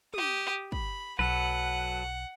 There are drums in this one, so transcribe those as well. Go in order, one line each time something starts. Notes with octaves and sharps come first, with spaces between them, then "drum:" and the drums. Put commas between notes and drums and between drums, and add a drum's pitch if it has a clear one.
G4 D#6, drum: tom
B5, drum: kick
B1 F#3 A4 B4 F#5